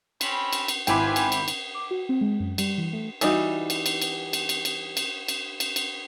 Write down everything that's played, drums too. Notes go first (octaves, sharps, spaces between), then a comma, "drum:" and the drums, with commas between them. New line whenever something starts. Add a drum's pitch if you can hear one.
C4 C#4 B5, drum: cymbal
drum: cymbal
drum: cymbal
G#1 E4 F4 B4 G5 G#5 B5 D6, drum: cymbal
drum: cymbal
drum: cymbal
drum: cymbal
D6
F#4
C4
G#3
F#2
G3, drum: cymbal
E3
A3
E3 G3 D#4 F#4, drum: cymbal
drum: cymbal
drum: cymbal
drum: cymbal
drum: cymbal
drum: cymbal
drum: cymbal
drum: cymbal
drum: cymbal
drum: cymbal
drum: cymbal